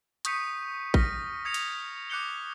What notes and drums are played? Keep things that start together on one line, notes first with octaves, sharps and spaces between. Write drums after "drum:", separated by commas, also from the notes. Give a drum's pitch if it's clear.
C#6 D#6 G6 B6 C#7 D#7, drum: hi-hat
F6 A#6 B6, drum: kick A1
D#6 G#6 A#6 C#7 F7
drum: cymbal
D6 F#6 G6 C#7 F7 G7